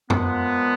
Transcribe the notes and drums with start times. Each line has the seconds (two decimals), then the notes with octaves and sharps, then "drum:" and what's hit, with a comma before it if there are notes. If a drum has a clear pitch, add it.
0.10 A#2 F3 G#3 B3, drum: tom F2